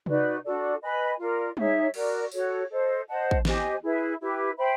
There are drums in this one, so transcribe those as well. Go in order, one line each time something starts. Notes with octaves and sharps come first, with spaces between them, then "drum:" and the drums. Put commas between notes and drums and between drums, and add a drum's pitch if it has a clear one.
D#4 F#4 B4 D5, drum: tom C3
D4 F#4 A4 D5
B4 D#5 G#5 B5
F4 A#4 D5
D#4 G#4 C#5 E5, drum: tom G3
F#4 A#4 D5, drum: cymbal
F#4 A4 C#5, drum: tambourine
A4 C5 D#5
C5 D#5 F#5 A5
drum: kick
G4 C5 D#5 G#5, drum: snare
E4 G#4 B4 E5
E4 G4 B4
C5 E5 G5 B5